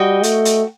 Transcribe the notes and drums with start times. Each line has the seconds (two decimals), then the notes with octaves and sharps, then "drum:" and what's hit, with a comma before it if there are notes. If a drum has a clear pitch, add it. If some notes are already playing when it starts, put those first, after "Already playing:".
Already playing: G3 F#4 D#5 G5
0.23 A3, drum: hi-hat
0.45 drum: hi-hat